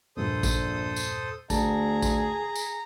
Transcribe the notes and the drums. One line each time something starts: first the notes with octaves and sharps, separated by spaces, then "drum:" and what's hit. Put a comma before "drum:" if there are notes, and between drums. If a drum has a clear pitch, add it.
A#1 E2 G2 A#2 A4 C5 D#6
drum: kick A1, tambourine
drum: tambourine
D2 G#4 A5 A#5, drum: kick A1, tambourine
drum: kick A1, tambourine
drum: tambourine